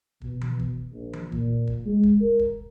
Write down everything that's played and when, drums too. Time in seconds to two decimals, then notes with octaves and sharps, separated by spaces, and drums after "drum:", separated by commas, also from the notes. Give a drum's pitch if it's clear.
0.21 B2, drum: kick
0.41 drum: tom E3
0.59 drum: kick
0.91 A#1
1.13 drum: tom E3
1.32 A#2, drum: kick
1.67 drum: kick
1.85 G#3
2.03 drum: kick
2.21 A#4
2.39 drum: kick